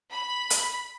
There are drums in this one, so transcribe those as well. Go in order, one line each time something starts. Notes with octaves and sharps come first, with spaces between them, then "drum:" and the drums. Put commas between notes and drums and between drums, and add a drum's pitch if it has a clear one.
B5
drum: hi-hat